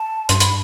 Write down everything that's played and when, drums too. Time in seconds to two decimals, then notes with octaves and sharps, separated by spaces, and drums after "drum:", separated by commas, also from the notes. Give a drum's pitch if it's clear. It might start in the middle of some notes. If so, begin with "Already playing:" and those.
Already playing: A5
0.29 G2 C6, drum: hi-hat
0.40 B5, drum: hi-hat